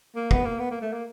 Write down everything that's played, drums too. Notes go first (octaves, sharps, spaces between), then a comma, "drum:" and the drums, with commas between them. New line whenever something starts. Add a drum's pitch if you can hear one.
A#3
B3, drum: kick
A#3
B3
A#3
A3
A#3